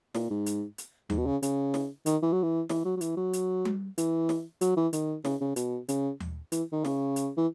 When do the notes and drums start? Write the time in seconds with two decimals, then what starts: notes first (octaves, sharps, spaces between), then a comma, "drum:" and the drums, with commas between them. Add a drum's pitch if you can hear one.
0.15 A#2, drum: snare
0.31 G#2
0.46 drum: hi-hat
0.78 drum: hi-hat
1.10 G#2, drum: tom D#2
1.18 B2
1.26 C#3
1.43 C#3, drum: hi-hat
1.74 drum: snare
2.06 D#3, drum: hi-hat
2.22 E3
2.33 F#3
2.43 E3
2.69 E3, drum: snare
2.85 F#3
2.97 F#3
3.01 E3, drum: hi-hat
3.17 F#3
3.33 drum: hi-hat
3.65 drum: tom G3
3.98 E3, drum: hi-hat
4.29 drum: snare
4.61 F#3, drum: hi-hat
4.77 E3
4.93 D#3, drum: hi-hat
5.25 C#3, drum: snare
5.41 C#3
5.56 B2, drum: hi-hat
5.89 C#3, drum: hi-hat
6.20 drum: tom D#2
6.52 E3, drum: hi-hat
6.72 D#3
6.85 C#3, drum: snare
7.16 drum: hi-hat
7.37 E3